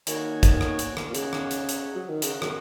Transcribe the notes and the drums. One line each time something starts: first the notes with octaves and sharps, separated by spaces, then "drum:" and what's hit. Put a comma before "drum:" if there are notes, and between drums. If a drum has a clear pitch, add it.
D#3 A#3 F#4 C#5 G#5, drum: hi-hat
drum: kick G#1, hi-hat
drum: rim click
drum: hi-hat
drum: rim click
A#2
C#3 C#4 G#4 D#5 F#5, drum: hi-hat
drum: rim click
drum: hi-hat
drum: hi-hat
F#3
D#3
C#3 C#4 A#4 D#5 F#5, drum: hi-hat
F#3, drum: rim click